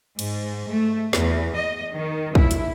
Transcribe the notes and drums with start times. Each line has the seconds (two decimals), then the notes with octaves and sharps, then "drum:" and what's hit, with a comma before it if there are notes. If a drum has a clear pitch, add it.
0.19 G#2, drum: cymbal
0.69 A3
1.13 E2, drum: snare
1.56 D#5
1.94 D#3
2.35 E4, drum: kick
2.51 drum: hi-hat